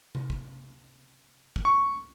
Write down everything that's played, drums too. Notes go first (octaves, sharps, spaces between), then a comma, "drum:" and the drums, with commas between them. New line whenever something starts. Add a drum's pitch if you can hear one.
drum: tom C3
drum: kick
drum: kick
C#6